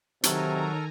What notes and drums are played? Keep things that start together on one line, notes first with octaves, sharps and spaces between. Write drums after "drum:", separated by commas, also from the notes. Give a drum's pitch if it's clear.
C3 D#3 F#3 A4 A#4 G#5 A#5, drum: hi-hat